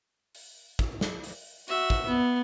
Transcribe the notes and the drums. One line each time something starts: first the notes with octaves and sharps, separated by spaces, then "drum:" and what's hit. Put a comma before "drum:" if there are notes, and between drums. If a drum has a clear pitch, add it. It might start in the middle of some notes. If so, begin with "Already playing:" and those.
drum: open hi-hat
drum: kick, hi-hat
drum: snare
drum: open hi-hat
F#4 E5, drum: hi-hat
drum: kick
B3